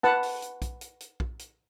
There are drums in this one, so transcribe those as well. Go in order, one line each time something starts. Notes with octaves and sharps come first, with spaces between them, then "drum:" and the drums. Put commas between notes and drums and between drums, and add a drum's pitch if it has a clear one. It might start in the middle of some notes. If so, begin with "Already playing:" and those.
B4 F#5 A5, drum: snare
drum: open hi-hat
drum: hi-hat
drum: kick, hi-hat
drum: hi-hat
drum: hi-hat
drum: kick
drum: hi-hat